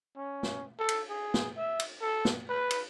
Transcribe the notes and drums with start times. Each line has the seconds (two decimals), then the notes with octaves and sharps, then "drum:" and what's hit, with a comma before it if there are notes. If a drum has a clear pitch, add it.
0.17 C#4
0.43 drum: snare
0.79 A4
0.89 drum: cymbal
1.10 G#4
1.34 drum: snare
1.57 E5
1.80 drum: cymbal
2.01 A4
2.25 drum: snare
2.49 B4
2.70 drum: cymbal